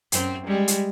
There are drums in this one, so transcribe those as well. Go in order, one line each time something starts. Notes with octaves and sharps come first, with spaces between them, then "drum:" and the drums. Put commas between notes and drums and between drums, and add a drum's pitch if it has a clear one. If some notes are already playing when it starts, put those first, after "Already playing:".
F#2 C4, drum: hi-hat
G3 G#3
drum: hi-hat